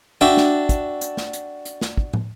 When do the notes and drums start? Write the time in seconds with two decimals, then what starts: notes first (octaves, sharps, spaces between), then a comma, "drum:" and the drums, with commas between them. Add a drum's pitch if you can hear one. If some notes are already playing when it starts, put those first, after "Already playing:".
0.21 D4 F#4 E5 G5
0.37 drum: snare
0.69 drum: kick, hi-hat
1.01 drum: hi-hat
1.17 drum: snare
1.33 drum: hi-hat
1.65 drum: hi-hat
1.81 drum: snare
1.97 drum: kick
2.14 drum: tom